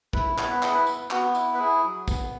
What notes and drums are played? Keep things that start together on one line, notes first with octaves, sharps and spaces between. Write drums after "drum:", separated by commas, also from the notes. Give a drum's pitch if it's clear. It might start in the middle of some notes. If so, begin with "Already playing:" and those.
E4 B4, drum: kick
B3 C#5, drum: clap
B4
E4 G#4, drum: clap
B4
B3, drum: tambourine
B3 F#4, drum: clap
E4, drum: tambourine
B4
E4 G#4
F#3
B3, drum: kick, tambourine